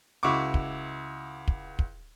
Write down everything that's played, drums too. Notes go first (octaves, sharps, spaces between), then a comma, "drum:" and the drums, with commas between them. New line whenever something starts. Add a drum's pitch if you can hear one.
C#2 E4 F#4 C#6 D6
drum: kick
drum: kick
drum: kick